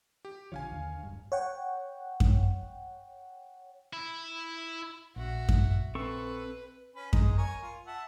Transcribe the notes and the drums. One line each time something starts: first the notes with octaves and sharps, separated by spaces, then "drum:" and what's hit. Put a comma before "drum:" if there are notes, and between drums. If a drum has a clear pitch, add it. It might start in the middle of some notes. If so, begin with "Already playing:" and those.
G4
A#1 D3 F3 C#5 F5 G#5
D#2 D3
D1 G2
C#5 F#5 G5
drum: kick F#2
E4
A#1 F#4 E5
drum: kick F#2
C4 A4 B4 C#6
C#4 B4
G#3 D#4, drum: kick F#2
A#4 C#5 G#5
F4
E5 F#5 A5